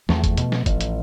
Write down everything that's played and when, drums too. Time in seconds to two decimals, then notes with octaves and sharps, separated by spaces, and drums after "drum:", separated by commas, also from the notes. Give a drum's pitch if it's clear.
0.09 E2 F3 A3, drum: snare
0.24 drum: kick, hi-hat
0.37 B2, drum: hi-hat
0.52 drum: snare
0.66 A1, drum: kick, hi-hat
0.81 drum: hi-hat